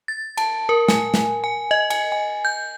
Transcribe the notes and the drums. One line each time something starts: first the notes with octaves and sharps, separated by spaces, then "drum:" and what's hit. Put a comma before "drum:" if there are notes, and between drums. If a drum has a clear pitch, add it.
A6
A5, drum: cymbal
A#4
G#5, drum: snare
drum: snare
G#5
D#5
G#5, drum: cymbal
G#5
G6